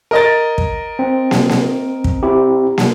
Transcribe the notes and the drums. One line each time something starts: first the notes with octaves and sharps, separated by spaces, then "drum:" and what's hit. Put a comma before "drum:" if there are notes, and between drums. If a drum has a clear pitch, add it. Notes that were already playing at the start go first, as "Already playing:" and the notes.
A#4 D#5 A6
drum: kick
C4
drum: snare
drum: snare
drum: kick
C4 E4 G4
drum: snare